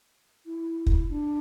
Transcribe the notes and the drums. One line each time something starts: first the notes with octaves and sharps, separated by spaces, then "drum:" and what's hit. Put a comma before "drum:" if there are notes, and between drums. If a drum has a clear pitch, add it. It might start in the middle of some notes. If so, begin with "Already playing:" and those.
E4
drum: kick
D4